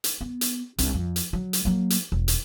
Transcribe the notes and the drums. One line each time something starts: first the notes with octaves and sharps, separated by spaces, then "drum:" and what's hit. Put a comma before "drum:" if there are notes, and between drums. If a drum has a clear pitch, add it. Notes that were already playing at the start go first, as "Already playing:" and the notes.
drum: hi-hat
B3
drum: hi-hat
C2 D4, drum: hi-hat
F2
drum: hi-hat
F#3
drum: hi-hat
F#3 A#3
drum: hi-hat
E1
drum: hi-hat